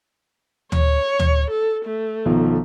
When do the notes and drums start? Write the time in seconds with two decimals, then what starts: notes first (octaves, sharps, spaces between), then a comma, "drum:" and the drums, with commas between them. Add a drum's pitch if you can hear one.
0.72 C#5, drum: tom D2
1.20 drum: tom D2
1.50 A4
1.85 A3
2.26 B1 D#3 F3